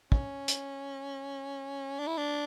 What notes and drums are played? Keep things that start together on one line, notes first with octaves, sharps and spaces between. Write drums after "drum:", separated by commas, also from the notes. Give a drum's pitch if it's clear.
C#4, drum: kick
drum: hi-hat
D4
E4
D4